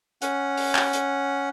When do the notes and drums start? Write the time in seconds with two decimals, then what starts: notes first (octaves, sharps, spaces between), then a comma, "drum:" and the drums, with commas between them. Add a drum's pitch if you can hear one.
0.22 C#4 F#5, drum: hi-hat
0.57 drum: open hi-hat
0.75 drum: clap
0.93 drum: hi-hat